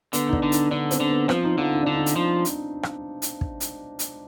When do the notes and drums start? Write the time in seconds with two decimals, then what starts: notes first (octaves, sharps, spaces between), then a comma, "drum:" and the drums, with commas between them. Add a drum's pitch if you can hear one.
0.13 D3 B3, drum: hi-hat
0.28 D#4
0.33 D4, drum: kick
0.43 D3
0.52 D#4, drum: hi-hat
0.71 D3 D4
0.91 C4, drum: hi-hat
1.00 D3
1.10 B3
1.29 F3 C4, drum: rim click
1.44 D#4
1.58 D3 F4
1.73 D#4
1.83 D3 D4
1.94 D#4
2.06 drum: hi-hat
2.16 F3
2.45 drum: hi-hat
2.83 drum: rim click
3.22 drum: hi-hat
3.41 drum: kick
3.60 drum: hi-hat
3.99 drum: hi-hat